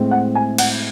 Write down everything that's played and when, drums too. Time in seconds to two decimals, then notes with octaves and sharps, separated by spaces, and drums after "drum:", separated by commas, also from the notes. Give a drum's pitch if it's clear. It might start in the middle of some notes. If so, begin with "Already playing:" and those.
Already playing: A2 G#3 C4
0.11 F#5
0.35 G#5
0.58 F#5, drum: cymbal